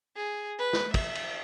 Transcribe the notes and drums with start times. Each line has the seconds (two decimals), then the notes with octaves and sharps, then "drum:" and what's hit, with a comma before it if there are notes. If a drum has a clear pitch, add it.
0.15 G#4
0.59 B4
0.73 drum: snare
0.94 E5, drum: kick, cymbal
1.15 drum: cymbal